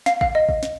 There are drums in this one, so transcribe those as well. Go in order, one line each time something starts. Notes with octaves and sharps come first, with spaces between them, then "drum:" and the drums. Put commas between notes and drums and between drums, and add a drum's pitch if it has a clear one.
F5, drum: snare
F5, drum: kick
D#5
drum: kick
drum: snare